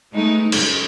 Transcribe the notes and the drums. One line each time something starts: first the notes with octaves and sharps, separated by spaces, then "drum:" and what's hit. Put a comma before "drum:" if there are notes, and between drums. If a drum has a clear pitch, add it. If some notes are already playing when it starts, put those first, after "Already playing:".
G#3 A3 B3 D#4
F#2 C#3 G#3, drum: cymbal